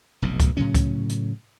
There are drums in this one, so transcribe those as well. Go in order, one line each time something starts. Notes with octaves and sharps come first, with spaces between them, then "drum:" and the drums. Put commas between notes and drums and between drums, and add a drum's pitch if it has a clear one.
F1 B1 B2
drum: kick C#2, hi-hat
A2 C#3 F#3 C#4
drum: kick C#2, hi-hat
drum: hi-hat